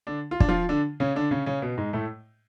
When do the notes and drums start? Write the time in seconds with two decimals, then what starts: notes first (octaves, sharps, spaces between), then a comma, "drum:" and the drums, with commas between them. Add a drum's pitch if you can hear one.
0.07 D3 D4
0.31 F4
0.40 D4, drum: kick
0.48 F3 F4
0.69 D3 D4
1.00 C#3 C#4
1.16 D3 D4
1.31 C#3 C#4
1.46 C#3 C#4
1.62 B2 B3
1.77 G#2 G#3
1.93 A2 A3